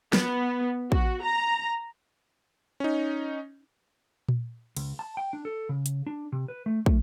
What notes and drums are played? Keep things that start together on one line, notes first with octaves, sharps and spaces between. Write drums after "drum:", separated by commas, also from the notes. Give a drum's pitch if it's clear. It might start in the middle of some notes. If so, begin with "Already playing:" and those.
B3, drum: snare
F#4, drum: kick
A#5
C#4 D#4
drum: tom A#2
C#2, drum: cymbal
A5
G5
D4
A4
C#3
drum: hi-hat
D4
C3
B4
A3
A3, drum: kick